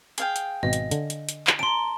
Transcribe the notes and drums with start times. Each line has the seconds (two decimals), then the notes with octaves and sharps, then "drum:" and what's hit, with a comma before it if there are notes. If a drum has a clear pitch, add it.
0.18 G#4 F5 G5, drum: hi-hat
0.36 drum: hi-hat
0.63 G#1 B2 D#5
0.73 drum: hi-hat
0.91 D3, drum: hi-hat
1.10 drum: hi-hat
1.29 drum: hi-hat
1.47 drum: clap
1.59 A5 A#5 C6 D7